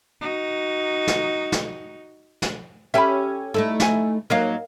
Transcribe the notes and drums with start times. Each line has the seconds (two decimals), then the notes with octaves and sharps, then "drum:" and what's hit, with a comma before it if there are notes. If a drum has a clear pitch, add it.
0.21 D#4 F#4
1.07 drum: snare
1.52 drum: snare
2.42 drum: snare
2.94 C#4 G4 A4 E5 B5
3.54 A3 D#4 E4 A4
3.80 E5 G#5, drum: snare
4.30 F#3 A#3 D#4 A#4 D#5 F5